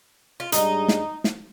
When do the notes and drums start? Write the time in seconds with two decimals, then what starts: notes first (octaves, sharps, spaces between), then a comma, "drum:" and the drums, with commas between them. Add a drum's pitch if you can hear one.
0.40 F4
0.52 G#2 G3 D4 D#4 G#4, drum: hi-hat
0.88 drum: snare
1.24 drum: snare